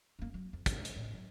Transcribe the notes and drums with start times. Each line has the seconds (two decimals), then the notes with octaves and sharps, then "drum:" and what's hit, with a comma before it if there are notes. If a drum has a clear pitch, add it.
0.19 F#2 A#3
0.34 F#3
0.53 F2
0.66 F2 G#2, drum: kick, hi-hat
0.85 drum: hi-hat
0.97 A2
1.13 F#3